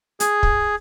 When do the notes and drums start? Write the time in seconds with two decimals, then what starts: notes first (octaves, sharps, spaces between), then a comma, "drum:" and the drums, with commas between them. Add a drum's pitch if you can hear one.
0.20 G#4, drum: hi-hat
0.43 drum: kick